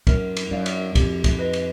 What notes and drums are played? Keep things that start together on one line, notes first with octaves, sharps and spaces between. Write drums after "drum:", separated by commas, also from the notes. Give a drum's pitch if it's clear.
F#2 A#4, drum: kick, cymbal
drum: cymbal
F#2 D5 F5
drum: cymbal
F2 G4, drum: kick, cymbal
drum: kick, cymbal
B4 D#5
drum: cymbal